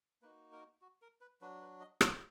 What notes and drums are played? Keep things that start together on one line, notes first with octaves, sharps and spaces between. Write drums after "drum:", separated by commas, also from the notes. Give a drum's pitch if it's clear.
A#3 D#4 F#4 B4
A#4
F#4
A#4
B4
F#3 D4 F#4 B4
B4
D#5
drum: rim click